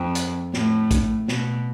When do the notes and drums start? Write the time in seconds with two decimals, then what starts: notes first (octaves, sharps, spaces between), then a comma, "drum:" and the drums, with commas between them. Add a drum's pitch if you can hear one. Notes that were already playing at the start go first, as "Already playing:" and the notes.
Already playing: F2
0.15 drum: hi-hat
0.53 A2, drum: snare
0.91 drum: kick, hi-hat
1.28 B2, drum: snare